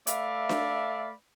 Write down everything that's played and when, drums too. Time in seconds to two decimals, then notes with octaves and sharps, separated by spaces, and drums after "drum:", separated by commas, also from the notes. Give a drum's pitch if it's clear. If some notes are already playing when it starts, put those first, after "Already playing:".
0.07 A3 B4 D5 E5 F5, drum: hi-hat
0.49 drum: snare D4